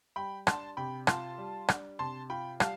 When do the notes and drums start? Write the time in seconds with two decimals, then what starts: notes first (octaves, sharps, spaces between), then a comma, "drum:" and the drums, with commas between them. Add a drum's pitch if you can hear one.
0.16 G3 G5 B5
0.47 D4 A5 C6, drum: rim click
0.77 C3 G5 B5
1.07 F4 A5 C6, drum: rim click
1.38 G3
1.68 D4, drum: rim click
1.99 C3 A5 C6
2.30 F4 G5 B5
2.60 G3 F5 A5, drum: rim click